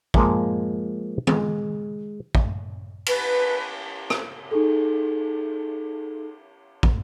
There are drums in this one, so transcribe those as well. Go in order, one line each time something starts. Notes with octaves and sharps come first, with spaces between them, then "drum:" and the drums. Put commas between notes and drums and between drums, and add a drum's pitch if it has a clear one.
F3 G#3 A#3, drum: kick
G#3, drum: tom
drum: kick
B4, drum: cymbal
drum: rim click
D#4 G#4 A4
drum: kick